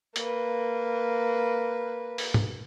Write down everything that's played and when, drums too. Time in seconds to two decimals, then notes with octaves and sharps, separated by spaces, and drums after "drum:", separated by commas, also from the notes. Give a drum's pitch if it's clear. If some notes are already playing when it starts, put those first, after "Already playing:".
0.16 A#3 B4, drum: hi-hat
2.18 drum: open hi-hat
2.34 drum: tom